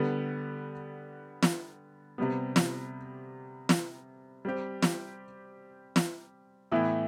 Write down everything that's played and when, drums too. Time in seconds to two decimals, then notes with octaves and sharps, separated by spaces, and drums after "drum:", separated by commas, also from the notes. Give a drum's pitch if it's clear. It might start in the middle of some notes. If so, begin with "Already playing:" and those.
Already playing: D3 G3 B3
1.43 drum: snare
2.18 C3 G3 B3
2.56 drum: snare
3.69 drum: snare
4.45 G3 C4 G4
4.83 drum: snare
5.96 drum: snare
6.71 A2 E3 B3 E4